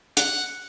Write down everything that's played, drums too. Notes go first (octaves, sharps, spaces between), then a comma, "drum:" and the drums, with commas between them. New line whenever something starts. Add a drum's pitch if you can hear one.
F#5, drum: hi-hat